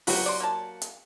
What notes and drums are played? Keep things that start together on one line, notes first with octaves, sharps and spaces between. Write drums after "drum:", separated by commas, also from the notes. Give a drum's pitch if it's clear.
F#3 F#4 G4 B4, drum: open hi-hat
D5 C6
A#3 A5
drum: hi-hat